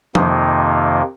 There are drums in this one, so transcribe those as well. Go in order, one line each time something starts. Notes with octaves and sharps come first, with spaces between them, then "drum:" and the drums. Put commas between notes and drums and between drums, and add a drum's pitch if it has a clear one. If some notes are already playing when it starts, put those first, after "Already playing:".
F2 C3 D#3 A#3 D#4, drum: tom F3